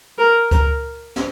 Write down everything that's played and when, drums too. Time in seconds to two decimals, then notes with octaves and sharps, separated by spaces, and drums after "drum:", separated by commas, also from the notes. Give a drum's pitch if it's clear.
0.18 A#4
0.51 A#4, drum: kick C#2, hi-hat
1.16 drum: snare